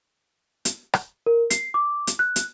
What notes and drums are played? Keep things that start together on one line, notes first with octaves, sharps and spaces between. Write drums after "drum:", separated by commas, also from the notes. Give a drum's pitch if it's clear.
drum: hi-hat
drum: rim click
A#4
C7, drum: hi-hat
D6
drum: hi-hat
F#6
drum: hi-hat